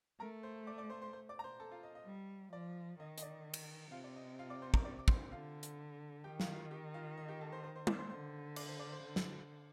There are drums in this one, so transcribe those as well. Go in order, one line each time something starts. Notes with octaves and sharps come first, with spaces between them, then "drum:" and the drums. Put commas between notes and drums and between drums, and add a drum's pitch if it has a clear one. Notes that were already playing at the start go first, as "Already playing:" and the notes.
A3 A#4 A#5
C5 C6
D5 D6
D5 D6
C5 C6
C5 C6
C5 C6
D5 D6
A#5
C5 C6
A4 A5
F4 F5
D#5
D#5
G3
F3 D5
D#3 D#5
D#5, drum: hi-hat
D5
drum: cymbal
C3 F4 F5
D5
D#5
F4 F5
D5 D6
C5 C6
A#4 A#5, drum: kick
D5 D6
D6
C5 C6, drum: kick
D3 F4 F5
drum: hi-hat
D#3 G4 G5
F4 F5, drum: snare
F4 F5
G4 G5
F4 F5
D#5
G4 G5
A4 A5
C5 C6
C5 C6
C5 C6
D5 D6, drum: tom
C5 C6
D3 C5 C6
D5 D6, drum: cymbal
C5 C6
D5 D6
C5 C6
D3
drum: snare